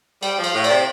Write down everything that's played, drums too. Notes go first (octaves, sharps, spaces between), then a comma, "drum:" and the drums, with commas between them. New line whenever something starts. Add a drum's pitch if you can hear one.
G3 G5, drum: cymbal
F3
F5, drum: cymbal
A2
D5, drum: cymbal
C3